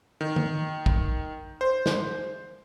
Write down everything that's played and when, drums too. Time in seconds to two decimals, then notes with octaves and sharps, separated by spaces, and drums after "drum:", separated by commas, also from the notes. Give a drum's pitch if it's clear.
0.21 D#3
0.36 drum: tom D#3
0.86 drum: kick
1.61 C5
1.86 drum: snare